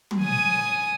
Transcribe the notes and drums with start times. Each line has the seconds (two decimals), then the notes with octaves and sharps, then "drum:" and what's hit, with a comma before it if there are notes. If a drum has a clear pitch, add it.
0.11 drum: tom
0.21 G#5 D#6